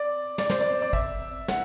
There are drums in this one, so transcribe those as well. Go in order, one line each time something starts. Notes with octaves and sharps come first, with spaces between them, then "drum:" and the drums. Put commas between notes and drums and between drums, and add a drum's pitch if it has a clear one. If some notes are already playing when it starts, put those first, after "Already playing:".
Already playing: D5
D5, drum: snare
C5, drum: snare
D5
D5
E5, drum: kick
F#5, drum: snare